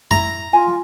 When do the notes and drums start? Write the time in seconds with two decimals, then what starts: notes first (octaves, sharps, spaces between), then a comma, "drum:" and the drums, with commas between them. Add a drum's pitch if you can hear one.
0.11 E4 A#5, drum: tom F2
0.53 F4 G#5